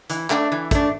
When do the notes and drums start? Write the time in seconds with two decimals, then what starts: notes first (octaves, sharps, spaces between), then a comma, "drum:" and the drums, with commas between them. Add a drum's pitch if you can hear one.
0.10 E3, drum: hi-hat
0.30 A3 D4, drum: clap
0.52 E3
0.71 A3 D4, drum: kick, hi-hat